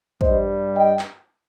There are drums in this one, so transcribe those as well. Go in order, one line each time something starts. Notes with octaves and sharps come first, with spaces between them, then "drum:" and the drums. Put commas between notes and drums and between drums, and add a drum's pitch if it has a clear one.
G2 G3 C5 D#5, drum: kick
D#5 G5
drum: clap